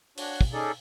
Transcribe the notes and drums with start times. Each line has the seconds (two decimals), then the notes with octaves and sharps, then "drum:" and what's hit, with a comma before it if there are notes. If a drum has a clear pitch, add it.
0.18 D4 F#4 C#5, drum: open hi-hat
0.41 drum: kick
0.53 C#4 D#4 G#4 A4 D5